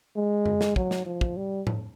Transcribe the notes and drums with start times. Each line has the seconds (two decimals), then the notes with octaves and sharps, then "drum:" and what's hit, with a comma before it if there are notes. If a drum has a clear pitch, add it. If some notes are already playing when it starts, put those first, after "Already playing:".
0.16 G#3
0.46 drum: tom F#2
0.61 drum: snare
0.76 F#3, drum: kick
0.91 drum: snare
1.06 F3
1.21 drum: kick
1.37 G3
1.67 drum: tom A2